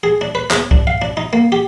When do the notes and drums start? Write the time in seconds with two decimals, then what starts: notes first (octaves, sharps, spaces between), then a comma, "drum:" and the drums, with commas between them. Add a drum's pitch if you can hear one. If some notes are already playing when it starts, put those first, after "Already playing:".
0.03 G#4
0.21 D4
0.35 B4
0.51 E2, drum: clap
0.71 D4, drum: kick C2
0.87 F5
1.02 D4
1.17 D#4
1.33 A#3
1.52 G4